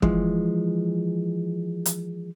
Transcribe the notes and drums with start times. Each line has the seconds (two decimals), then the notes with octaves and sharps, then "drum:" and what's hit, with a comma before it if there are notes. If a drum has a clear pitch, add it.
0.02 E3 F3 G#3, drum: kick
1.86 drum: hi-hat